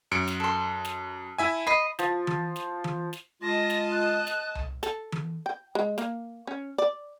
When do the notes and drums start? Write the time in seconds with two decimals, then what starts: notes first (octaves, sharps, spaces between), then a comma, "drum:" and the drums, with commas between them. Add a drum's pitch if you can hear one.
0.11 F#2 C#7 D7
0.28 drum: snare
0.40 A4 C6
0.85 drum: snare
1.38 E4 E5 G#5
1.67 D#5 B5 C7
1.99 F3, drum: snare
2.27 drum: tom E3
2.56 drum: snare
2.84 drum: tom E3
3.13 drum: snare
3.42 G#3 F4 D#5 A5 A#6
3.70 drum: snare
3.92 F#6
4.27 drum: snare
4.55 drum: tom C2
4.83 A4, drum: snare
5.12 drum: tom E3
5.46 G5
5.75 G#3
5.98 A#3, drum: snare
6.47 C#4
6.78 D5